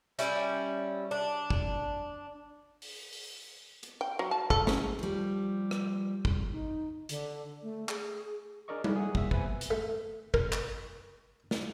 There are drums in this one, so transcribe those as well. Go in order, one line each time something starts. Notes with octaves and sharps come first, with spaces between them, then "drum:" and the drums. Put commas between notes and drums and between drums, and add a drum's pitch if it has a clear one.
G3 C#4 E4, drum: hi-hat
D4
drum: kick
drum: open hi-hat
drum: open hi-hat
drum: hi-hat
G5
F#3
A5
A4, drum: kick
C#3, drum: snare
F3 G3
drum: rim click
drum: kick
D#4
D3, drum: hi-hat
A3
G#4, drum: clap
D4 G#4 A#4 D5 D#5 C#6
G#4 A#4 D5 E5, drum: tom G3
G#4 F#5
E2 A#3 E5, drum: kick
B4 C5 E5 G#5, drum: kick
drum: hi-hat
A3
A#4, drum: kick
drum: clap
drum: snare